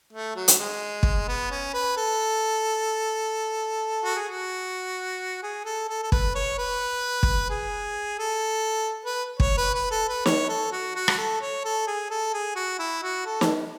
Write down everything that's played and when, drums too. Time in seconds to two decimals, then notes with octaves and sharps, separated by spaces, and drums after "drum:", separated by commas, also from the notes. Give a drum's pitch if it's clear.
0.13 A3
0.36 F#3
0.48 drum: hi-hat
0.59 G#3
1.03 drum: kick
1.28 B3
1.51 C#4
1.74 B4
1.97 A4
4.04 F#4
4.16 G#4
4.28 F#4
5.43 G#4
5.65 A4
5.89 A4
6.03 A4
6.12 B4, drum: kick
6.35 C#5
6.58 B4
7.23 drum: kick
7.50 G#4
8.19 A4
9.05 B4
9.40 C#5, drum: kick
9.58 B4
9.74 B4
9.91 A4
10.09 B4
10.26 C#5, drum: snare
10.49 A4
10.72 F#4
10.95 F#4
11.08 drum: rim click
11.18 A4
11.41 C#5
11.65 A4
11.87 G#4
12.10 A4
12.33 G#4
12.56 F#4
12.79 E4
13.03 F#4
13.26 A4
13.41 drum: snare